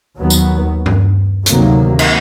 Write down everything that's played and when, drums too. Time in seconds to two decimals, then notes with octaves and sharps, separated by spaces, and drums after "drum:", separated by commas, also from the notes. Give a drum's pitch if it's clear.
0.17 D#2 D#3 F#3 B3
0.30 drum: tambourine
0.86 drum: tom G2
1.46 D2 C3 D#3 F#3 A#3, drum: hi-hat
1.99 drum: cymbal